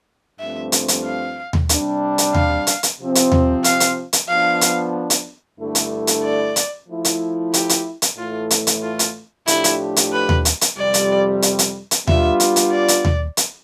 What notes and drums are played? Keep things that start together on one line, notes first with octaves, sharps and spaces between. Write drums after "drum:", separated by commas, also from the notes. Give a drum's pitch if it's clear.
G2 F3 A3 C4 E5
drum: hi-hat
drum: hi-hat
F5
drum: tom D#2
C3 G3 D4, drum: hi-hat
drum: hi-hat
F5, drum: tom D#2
drum: hi-hat
drum: hi-hat
C3 F3 C4
drum: hi-hat
drum: tom D#2
F5, drum: hi-hat
drum: hi-hat
drum: hi-hat
F3 B3 D4 F5
drum: hi-hat
drum: hi-hat
G2 D3 A3 E4 A4
drum: hi-hat
drum: hi-hat
D5
drum: hi-hat
F3 A3 E4
drum: hi-hat
G4, drum: hi-hat
drum: hi-hat
drum: hi-hat
A2 E3 A3 F4
drum: hi-hat
drum: hi-hat
F4
drum: hi-hat
A2 F3 A3 D4 E4 G4, drum: hi-hat
drum: hi-hat
drum: hi-hat
B4
drum: tom D#2
drum: hi-hat
drum: hi-hat
F2 C3 G3 D5
drum: hi-hat
drum: hi-hat
drum: hi-hat
drum: hi-hat
G3 B3 D4 F4 E5, drum: tom D#2
drum: hi-hat
drum: hi-hat
D5
drum: hi-hat
drum: tom D#2
drum: hi-hat